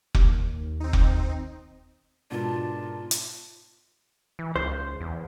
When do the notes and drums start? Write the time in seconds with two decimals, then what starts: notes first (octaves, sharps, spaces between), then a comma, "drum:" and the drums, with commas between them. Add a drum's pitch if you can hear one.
0.15 D#2, drum: kick F1
0.80 C4 D#4
0.93 drum: kick F1
2.31 G#2 B2 D4 F4 A#4 A5
3.11 drum: hi-hat
4.39 E3
4.56 C#2 C5
5.01 E2